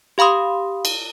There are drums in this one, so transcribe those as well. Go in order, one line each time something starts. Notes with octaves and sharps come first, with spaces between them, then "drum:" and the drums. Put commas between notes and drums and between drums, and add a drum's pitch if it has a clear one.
G4 F5 B5 C6 D#6
drum: cymbal